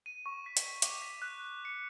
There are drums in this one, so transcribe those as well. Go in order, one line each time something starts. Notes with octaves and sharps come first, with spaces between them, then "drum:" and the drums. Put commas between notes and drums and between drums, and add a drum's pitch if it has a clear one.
D#7
C#6
B6
drum: hi-hat
D6, drum: hi-hat
B6
F#6
C#7